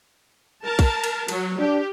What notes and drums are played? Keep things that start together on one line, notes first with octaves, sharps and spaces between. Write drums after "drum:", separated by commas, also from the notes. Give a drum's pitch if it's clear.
A#4 A5
drum: kick, cymbal
drum: cymbal
F#3, drum: cymbal
D4 G4